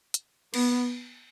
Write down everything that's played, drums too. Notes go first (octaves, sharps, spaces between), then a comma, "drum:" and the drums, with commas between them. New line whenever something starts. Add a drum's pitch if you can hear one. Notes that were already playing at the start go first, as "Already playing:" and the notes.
drum: hi-hat
B3, drum: cymbal